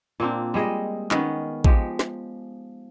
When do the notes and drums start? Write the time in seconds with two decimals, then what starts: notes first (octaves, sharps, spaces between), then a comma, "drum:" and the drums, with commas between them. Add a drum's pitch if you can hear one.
0.20 A#2 A#3 C4 D4
0.54 G3 G#3 G#4 D#5
1.11 D#3 B3 C#4, drum: clap
1.64 F3 G#3 G4, drum: kick
1.99 drum: snare